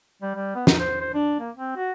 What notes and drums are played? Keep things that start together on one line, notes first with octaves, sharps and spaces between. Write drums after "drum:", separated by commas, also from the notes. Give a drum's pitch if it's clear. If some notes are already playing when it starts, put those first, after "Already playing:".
G3
G3
B3
D#4, drum: snare
C5
C5
D4
A#3
C4
F#4